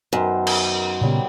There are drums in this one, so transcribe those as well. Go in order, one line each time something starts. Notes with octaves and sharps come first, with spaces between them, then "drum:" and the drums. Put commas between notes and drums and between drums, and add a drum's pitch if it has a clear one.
F#2 D#3 B3 C5
drum: cymbal
A#2 C#3 F#3 G3 B3